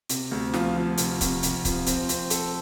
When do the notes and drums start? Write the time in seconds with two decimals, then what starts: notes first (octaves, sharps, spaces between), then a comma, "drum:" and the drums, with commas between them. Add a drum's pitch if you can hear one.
0.09 C3, drum: hi-hat
0.31 D2
0.54 F3, drum: snare
0.76 F3
0.98 C3, drum: hi-hat
1.21 C3, drum: kick C#1, hi-hat
1.43 C3, drum: hi-hat
1.65 F3, drum: kick C#1, hi-hat
1.87 C4, drum: hi-hat
2.09 C4, drum: hi-hat
2.30 A4, drum: hi-hat